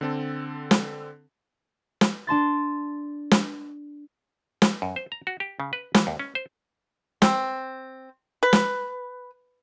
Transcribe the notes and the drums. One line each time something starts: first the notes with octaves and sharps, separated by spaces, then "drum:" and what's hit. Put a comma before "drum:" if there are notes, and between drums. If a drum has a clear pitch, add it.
D3 C4 A4
drum: snare
drum: snare
D4 A5 C6 A6
drum: snare
drum: snare
F#2
C5
A#5
F#4
G4
C#3
B4
E3, drum: snare
D#2
C#4
C5
C4, drum: snare
B4
drum: snare